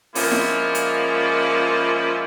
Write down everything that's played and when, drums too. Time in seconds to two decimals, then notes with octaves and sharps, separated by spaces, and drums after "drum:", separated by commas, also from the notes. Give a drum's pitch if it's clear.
0.15 F3 G#3 A#3 C#4 E4 F4, drum: open hi-hat
0.31 drum: snare E4
0.75 drum: hi-hat